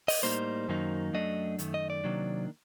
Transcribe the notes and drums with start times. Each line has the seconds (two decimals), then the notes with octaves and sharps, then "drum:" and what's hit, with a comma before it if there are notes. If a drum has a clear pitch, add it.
0.08 D#5, drum: open hi-hat
0.23 A2 G3 A#3 D#4 C5
0.69 F#2 D#3 F#3 A#3 D#4
1.13 F#2 F#3 A3 D4 D#5
1.59 F#2 D#3 A3, drum: hi-hat
1.74 D#5
1.90 D5
2.04 C3 D#3 F#3 A#3 D4